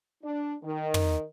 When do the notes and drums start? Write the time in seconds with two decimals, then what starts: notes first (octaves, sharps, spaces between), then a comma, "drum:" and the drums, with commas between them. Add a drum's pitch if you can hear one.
0.23 D4
0.63 D#3
0.94 drum: tom